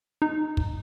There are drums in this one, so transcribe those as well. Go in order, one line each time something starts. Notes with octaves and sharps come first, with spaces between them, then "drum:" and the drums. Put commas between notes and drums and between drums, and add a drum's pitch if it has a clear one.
D#4
drum: kick